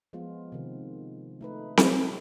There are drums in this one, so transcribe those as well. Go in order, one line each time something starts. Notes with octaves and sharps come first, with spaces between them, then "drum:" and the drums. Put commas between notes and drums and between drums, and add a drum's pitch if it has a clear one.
F3 G#3 B3 F4
C3 D#3
A3 D#4 B4
drum: snare C4